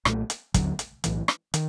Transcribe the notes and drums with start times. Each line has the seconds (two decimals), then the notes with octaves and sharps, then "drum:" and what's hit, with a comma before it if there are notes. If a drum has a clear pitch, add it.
0.05 B1 A#2 F3 A3, drum: rim click
0.30 drum: hi-hat
0.54 D#2 D3 F#3, drum: kick, hi-hat
0.79 drum: hi-hat
1.04 B1 A2 E3, drum: hi-hat
1.28 drum: rim click
1.54 D#3, drum: hi-hat